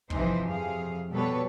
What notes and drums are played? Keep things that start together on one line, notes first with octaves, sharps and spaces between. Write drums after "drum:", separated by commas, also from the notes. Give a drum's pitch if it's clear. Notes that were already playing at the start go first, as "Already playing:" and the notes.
G2 C3 E3 F3 D#4 C5, drum: kick
F2 C3 G#4 F5
B2 G3 A4 B4 C#5